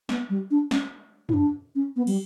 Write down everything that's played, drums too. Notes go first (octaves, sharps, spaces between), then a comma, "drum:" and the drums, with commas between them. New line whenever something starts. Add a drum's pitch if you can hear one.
B3, drum: snare
G3
D4
C#4, drum: snare
E4, drum: tom
D4
C#4
B3
G3, drum: cymbal